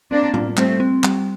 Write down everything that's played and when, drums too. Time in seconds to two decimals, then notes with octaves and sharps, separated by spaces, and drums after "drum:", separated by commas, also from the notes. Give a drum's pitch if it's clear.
0.10 A#3 C4 D4
0.34 F4, drum: tom A2
0.57 G3 A3 C4, drum: clap
0.80 C4
1.04 G3, drum: clap